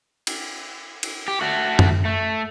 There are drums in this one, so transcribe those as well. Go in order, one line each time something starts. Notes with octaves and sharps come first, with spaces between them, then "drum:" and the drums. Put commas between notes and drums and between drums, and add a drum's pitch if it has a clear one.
drum: cymbal
drum: cymbal
G4
A3 F#4
drum: tom F#2
A3